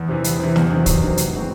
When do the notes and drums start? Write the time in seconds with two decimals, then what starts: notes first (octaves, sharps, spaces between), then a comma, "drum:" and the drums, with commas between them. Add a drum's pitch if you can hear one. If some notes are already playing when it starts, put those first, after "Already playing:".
Already playing: E2
0.08 C3 E3
0.24 E2, drum: hi-hat
0.39 C3 E3
0.56 E2, drum: snare
0.70 C3 D#3 F#3
0.86 E2, drum: kick, hi-hat
1.02 C3 D#3 F#3
1.17 A2, drum: hi-hat
1.33 E3 G#3 C4 F#4